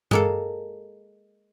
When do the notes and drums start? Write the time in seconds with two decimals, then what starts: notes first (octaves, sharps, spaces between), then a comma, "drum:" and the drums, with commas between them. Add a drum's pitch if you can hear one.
0.11 G#3 A#3 A4, drum: tom G2